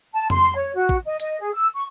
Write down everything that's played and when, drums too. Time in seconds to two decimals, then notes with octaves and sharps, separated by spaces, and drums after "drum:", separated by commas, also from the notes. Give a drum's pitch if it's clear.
0.13 A5
0.30 C6, drum: tom F2
0.55 C#5
0.74 F#4
0.89 drum: kick
1.05 D#5
1.20 D#5, drum: hi-hat
1.39 G#4
1.54 E6
1.75 C#6